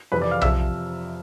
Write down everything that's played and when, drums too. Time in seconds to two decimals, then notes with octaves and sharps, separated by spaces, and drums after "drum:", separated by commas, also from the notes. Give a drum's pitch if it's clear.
0.12 F2 C3 E3 B4 B5
0.22 D5 D6
0.31 F5 F6
0.41 C3 F3 E5 E6, drum: tom B1